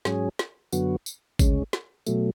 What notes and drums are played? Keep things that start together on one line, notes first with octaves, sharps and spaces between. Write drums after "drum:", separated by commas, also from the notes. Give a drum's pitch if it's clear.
G#2 F#3 C#4 G#4, drum: snare
drum: snare
F#2 D3 F#3 B3 F#4, drum: tambourine
drum: tambourine
D2 C#3 G#3 C#4, drum: kick G#1, tambourine
drum: snare
B2 F#3 A3, drum: tambourine